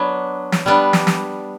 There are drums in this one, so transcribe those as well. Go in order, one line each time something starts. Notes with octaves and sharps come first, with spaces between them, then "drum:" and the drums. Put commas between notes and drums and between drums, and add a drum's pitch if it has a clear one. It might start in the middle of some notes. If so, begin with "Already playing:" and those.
Already playing: F#3 B3 D4
drum: snare
G3 B3 D4
drum: snare
drum: snare